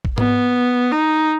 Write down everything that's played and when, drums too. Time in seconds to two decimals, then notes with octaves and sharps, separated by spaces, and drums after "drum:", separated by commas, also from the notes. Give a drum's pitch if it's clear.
0.05 drum: kick
0.18 B3, drum: tom G#2
0.91 D#4